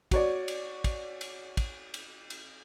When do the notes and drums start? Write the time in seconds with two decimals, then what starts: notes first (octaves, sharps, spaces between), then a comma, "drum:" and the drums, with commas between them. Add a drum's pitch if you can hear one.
0.11 F#4 C#5 D5, drum: kick, cymbal
0.48 drum: cymbal
0.84 drum: kick, cymbal
1.21 drum: cymbal
1.57 drum: kick, cymbal
1.94 drum: cymbal
2.30 drum: cymbal